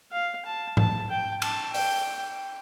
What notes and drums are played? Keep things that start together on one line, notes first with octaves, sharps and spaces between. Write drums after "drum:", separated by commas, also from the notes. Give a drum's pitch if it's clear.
F5
A5
A5, drum: tom G#2
G5
A5, drum: cymbal
G5, drum: open hi-hat